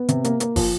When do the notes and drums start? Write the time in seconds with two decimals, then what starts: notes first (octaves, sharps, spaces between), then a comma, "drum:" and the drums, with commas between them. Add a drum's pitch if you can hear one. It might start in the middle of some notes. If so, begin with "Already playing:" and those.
Already playing: B3
0.09 C3, drum: hi-hat
0.24 A#3, drum: hi-hat
0.40 A#3, drum: hi-hat
0.56 F3, drum: kick, open hi-hat